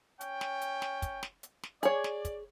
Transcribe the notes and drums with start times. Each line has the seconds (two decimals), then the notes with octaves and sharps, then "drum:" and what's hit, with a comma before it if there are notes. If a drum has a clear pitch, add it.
0.21 C#4 G5, drum: hi-hat
0.41 drum: snare
0.61 drum: hi-hat
0.82 drum: snare
1.02 drum: kick, hi-hat
1.23 drum: snare
1.43 drum: hi-hat
1.63 drum: snare
1.83 G#4 C#5 D5, drum: hi-hat
2.04 drum: snare
2.25 drum: kick, hi-hat